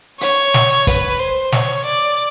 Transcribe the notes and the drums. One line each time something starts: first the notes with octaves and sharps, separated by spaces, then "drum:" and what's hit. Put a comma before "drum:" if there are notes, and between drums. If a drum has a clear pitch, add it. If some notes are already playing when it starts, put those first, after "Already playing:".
C#5, drum: hi-hat
drum: snare
B4, drum: kick, hi-hat
C5
C#5, drum: snare
D5